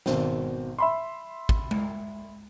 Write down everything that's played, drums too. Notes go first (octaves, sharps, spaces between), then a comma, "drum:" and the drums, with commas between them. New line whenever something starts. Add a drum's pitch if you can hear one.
G#1 B2 C4, drum: snare
E5 B5 C6
drum: kick
drum: tom G#3